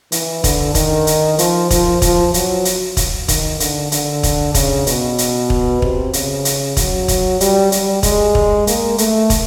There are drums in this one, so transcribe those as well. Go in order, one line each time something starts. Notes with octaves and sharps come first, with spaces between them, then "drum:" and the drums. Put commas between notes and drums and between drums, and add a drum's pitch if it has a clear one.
E3, drum: hi-hat
D3, drum: kick, hi-hat
D#3, drum: kick, hi-hat
drum: hi-hat
F3, drum: hi-hat
F3, drum: kick, hi-hat
F3, drum: kick, hi-hat
F#3, drum: hi-hat
drum: hi-hat
drum: kick, hi-hat
D#3, drum: kick, hi-hat
D3, drum: hi-hat
D3, drum: hi-hat
drum: kick, hi-hat
C#3, drum: kick, hi-hat
B2, drum: hi-hat
drum: hi-hat
drum: kick
C3, drum: kick
C#3, drum: hi-hat
drum: hi-hat
F#3, drum: kick, hi-hat
drum: kick, hi-hat
G3, drum: hi-hat
G3, drum: hi-hat
G#3, drum: kick, hi-hat
drum: kick
A#3, drum: hi-hat
A3, drum: hi-hat
drum: kick, hi-hat